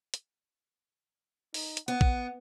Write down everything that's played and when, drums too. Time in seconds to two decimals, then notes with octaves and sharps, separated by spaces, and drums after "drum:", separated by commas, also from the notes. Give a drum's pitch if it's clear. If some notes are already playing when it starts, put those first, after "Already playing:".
0.14 drum: hi-hat
1.54 D#4, drum: open hi-hat
1.77 drum: hi-hat
1.88 B3 F#5
2.01 drum: kick A#1